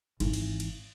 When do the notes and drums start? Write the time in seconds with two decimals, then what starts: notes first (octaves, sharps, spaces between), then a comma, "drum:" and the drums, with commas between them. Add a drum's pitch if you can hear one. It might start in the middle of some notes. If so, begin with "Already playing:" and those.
0.20 G#1 E3, drum: cymbal
0.33 drum: cymbal
0.60 drum: cymbal